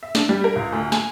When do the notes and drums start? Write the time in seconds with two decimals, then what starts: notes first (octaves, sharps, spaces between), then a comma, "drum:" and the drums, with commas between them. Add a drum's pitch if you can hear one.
0.03 E5
0.15 D4, drum: snare
0.29 G3
0.44 A#4
0.56 C#2
0.73 D2
0.92 G#5, drum: snare